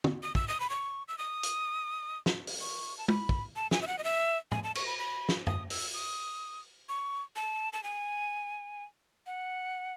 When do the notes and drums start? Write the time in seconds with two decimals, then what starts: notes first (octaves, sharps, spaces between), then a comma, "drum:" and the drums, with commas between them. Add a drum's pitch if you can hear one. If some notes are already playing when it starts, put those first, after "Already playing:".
0.04 drum: tom
0.23 D#6
0.35 E6, drum: kick
0.48 D#6
0.60 B5
0.70 C#6
1.08 E6
1.18 D#6
1.43 drum: hi-hat
2.26 drum: snare
2.47 drum: open hi-hat
2.61 C#6
2.98 A5
3.08 B5, drum: tom
3.29 drum: kick
3.56 A5
3.71 G#5, drum: snare
3.82 E5
3.87 F#5
3.98 D#5
4.04 E5
4.52 G#5, drum: tom
4.64 A5
4.75 C#6, drum: cymbal
4.87 B5
4.98 B5
5.29 drum: snare
5.47 D#6, drum: tom F#2
5.70 E6, drum: open hi-hat
5.94 D#6
6.89 C#6
7.36 A5
7.73 A5
7.83 G#5
9.27 F#5